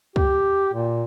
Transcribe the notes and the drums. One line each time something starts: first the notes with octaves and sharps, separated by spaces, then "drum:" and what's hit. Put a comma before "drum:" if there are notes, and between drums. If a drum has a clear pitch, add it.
G4, drum: kick
A#2